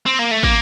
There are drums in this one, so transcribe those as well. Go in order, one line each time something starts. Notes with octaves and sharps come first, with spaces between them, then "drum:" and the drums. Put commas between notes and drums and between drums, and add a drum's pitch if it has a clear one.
C4
A#3
A3
A#3, drum: kick